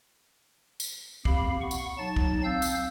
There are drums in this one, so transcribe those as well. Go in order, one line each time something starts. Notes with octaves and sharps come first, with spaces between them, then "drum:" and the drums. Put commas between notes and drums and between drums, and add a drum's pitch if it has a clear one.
drum: tambourine
F2 G4 F5 B5, drum: kick
F#5 C#6
drum: tambourine
F#3 D#4 A5 A6
drum: kick
C4 F5 E6 G6
drum: tambourine